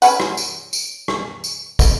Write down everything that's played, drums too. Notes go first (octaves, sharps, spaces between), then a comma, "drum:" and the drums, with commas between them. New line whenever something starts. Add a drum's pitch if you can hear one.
C#4 B4 F#5, drum: tambourine
drum: rim click
drum: tambourine
drum: tambourine
drum: rim click
drum: tambourine
drum: kick, tambourine